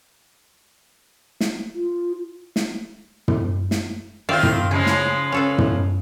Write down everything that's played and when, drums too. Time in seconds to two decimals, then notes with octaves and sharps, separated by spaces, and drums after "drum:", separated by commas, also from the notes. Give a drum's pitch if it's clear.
1.41 drum: snare
1.75 F4
2.56 drum: snare
3.28 drum: tom
3.71 drum: snare
4.29 D#3 C4 F4 D5 E5 F5
4.43 drum: tom
4.71 C#3 F3 G#3 G#4
4.86 drum: snare
5.32 C#4 A4 B4
5.58 drum: tom